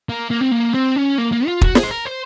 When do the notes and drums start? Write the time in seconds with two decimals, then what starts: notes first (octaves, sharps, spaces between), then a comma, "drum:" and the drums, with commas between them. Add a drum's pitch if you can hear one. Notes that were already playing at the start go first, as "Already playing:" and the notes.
0.09 A#3
0.31 A#3
0.41 C4
0.51 A#3
0.74 C4
0.96 C#4
1.18 A#3
1.32 A#3
1.47 F4
1.61 F#4, drum: kick
1.75 G#4, drum: snare
1.83 C5
1.91 A#4
2.05 C5